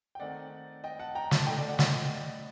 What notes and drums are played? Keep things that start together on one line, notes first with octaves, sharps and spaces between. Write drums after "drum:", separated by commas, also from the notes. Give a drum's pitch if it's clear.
G5
D#3 A3 C4 D#4 D5 F#5
D#5 G5
F#5 A5
G5 A#5
F#5 A5, drum: snare
A2 A3 D4 D#5 G5
D5
D5 F#5
D#5 G5, drum: snare